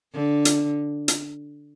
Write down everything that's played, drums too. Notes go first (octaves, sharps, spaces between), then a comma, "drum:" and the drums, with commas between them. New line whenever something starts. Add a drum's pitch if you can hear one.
D3
drum: hi-hat
drum: hi-hat